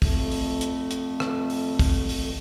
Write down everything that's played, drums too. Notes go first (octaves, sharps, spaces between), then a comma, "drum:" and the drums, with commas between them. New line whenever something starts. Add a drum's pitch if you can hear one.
F2 A3, drum: kick, open hi-hat
drum: open hi-hat
drum: hi-hat
drum: hi-hat
drum: rim click
drum: open hi-hat
drum: kick, open hi-hat
drum: open hi-hat